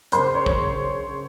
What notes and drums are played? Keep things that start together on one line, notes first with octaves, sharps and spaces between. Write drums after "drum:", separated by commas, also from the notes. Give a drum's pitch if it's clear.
F#2 C#3 C5 C6, drum: hi-hat
C#5 C#6
drum: kick